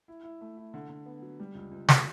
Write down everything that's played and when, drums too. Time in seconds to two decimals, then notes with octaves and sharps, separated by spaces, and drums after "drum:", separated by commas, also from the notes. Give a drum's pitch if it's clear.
0.08 E4
0.24 E4
0.41 A3
0.57 E4
0.74 D3
0.89 D3
1.06 B3
1.22 F#3
1.40 G3
1.55 C#2
1.71 C#2
1.89 B2, drum: snare